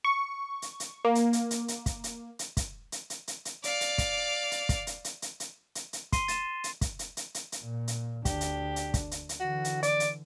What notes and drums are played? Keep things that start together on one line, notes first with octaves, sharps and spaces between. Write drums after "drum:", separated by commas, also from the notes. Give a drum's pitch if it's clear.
C#6
drum: hi-hat
drum: hi-hat
A#3
drum: hi-hat
drum: hi-hat
drum: hi-hat
drum: hi-hat
drum: kick, hi-hat
drum: hi-hat
drum: hi-hat
drum: kick, hi-hat
drum: hi-hat
drum: hi-hat
drum: hi-hat
drum: hi-hat
D5 F5, drum: hi-hat
drum: hi-hat
drum: kick, hi-hat
drum: hi-hat
drum: kick, hi-hat
drum: hi-hat
drum: hi-hat
drum: hi-hat
drum: hi-hat
drum: hi-hat
drum: hi-hat
C6 C7 D#7 G7, drum: kick, hi-hat
A6 D#7 E7, drum: hi-hat
drum: hi-hat
drum: kick, hi-hat
drum: hi-hat
drum: hi-hat
drum: hi-hat
drum: hi-hat
A#2
drum: hi-hat
D2 D4 G4, drum: kick, hi-hat
drum: hi-hat
drum: hi-hat
drum: kick, hi-hat
drum: hi-hat
drum: hi-hat
D3 E3 F#4
drum: hi-hat
D5, drum: hi-hat
drum: hi-hat